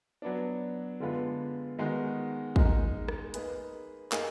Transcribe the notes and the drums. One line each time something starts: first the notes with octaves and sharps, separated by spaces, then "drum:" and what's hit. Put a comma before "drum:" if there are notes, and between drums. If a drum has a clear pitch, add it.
F#3 B3 D4
D3 G#3 B3 F4 B4
D#3 G#3 B3 D#4 F#4
G#3 D#4 A#4, drum: kick
drum: rim click
A#3 D#4 G#4 B4, drum: hi-hat
A#3 D#4 G#4, drum: clap